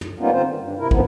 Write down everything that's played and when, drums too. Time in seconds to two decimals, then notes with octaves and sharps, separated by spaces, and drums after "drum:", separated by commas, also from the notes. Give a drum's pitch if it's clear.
0.01 drum: tom
0.19 G3 A#3 B3 C#4 D#4 F4
0.33 D3 C4 F4 C5
0.46 D#3
0.60 G2
0.79 C3 E4 A#4
0.91 F#2 A2 D3 D#3 F3 B3, drum: kick